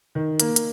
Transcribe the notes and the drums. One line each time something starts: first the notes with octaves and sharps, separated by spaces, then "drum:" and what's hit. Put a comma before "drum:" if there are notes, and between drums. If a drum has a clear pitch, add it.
D#3
A#3, drum: hi-hat
drum: hi-hat